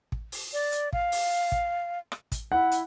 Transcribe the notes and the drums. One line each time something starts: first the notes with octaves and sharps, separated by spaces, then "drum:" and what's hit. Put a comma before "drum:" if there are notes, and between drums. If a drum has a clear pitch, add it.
drum: kick
drum: open hi-hat
D5
drum: hi-hat
F5, drum: kick
drum: open hi-hat
drum: kick
drum: rim click
drum: kick, hi-hat
E4 F#5
drum: hi-hat